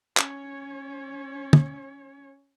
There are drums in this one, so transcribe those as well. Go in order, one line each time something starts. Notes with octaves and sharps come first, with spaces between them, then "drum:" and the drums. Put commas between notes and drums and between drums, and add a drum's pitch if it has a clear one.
C#4 C#5, drum: clap
drum: tom